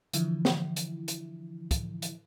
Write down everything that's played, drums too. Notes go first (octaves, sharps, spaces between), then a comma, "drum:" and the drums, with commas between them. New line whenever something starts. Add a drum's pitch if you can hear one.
D3 E3 F3 E4, drum: hi-hat
drum: snare
drum: hi-hat
drum: hi-hat
drum: kick, hi-hat
drum: hi-hat